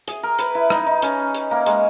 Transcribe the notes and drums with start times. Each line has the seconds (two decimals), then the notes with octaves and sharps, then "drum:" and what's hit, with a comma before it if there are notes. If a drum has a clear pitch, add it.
0.08 G#4, drum: hi-hat
0.23 A#4
0.39 B4, drum: hi-hat
0.55 E4
0.70 D#4, drum: rim click
0.87 D#4
1.02 C#4, drum: hi-hat
1.35 drum: hi-hat
1.51 A#3
1.66 G#3, drum: hi-hat